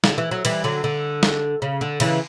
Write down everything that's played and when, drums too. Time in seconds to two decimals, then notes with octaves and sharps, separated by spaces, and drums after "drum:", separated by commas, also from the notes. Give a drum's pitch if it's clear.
0.04 D3, drum: snare
0.18 E3
0.31 F#3
0.45 E3 G3, drum: cymbal
0.64 D3 F#3
0.84 D3
1.23 drum: snare
1.62 C#3
1.81 D3
2.00 C#3 E3, drum: cymbal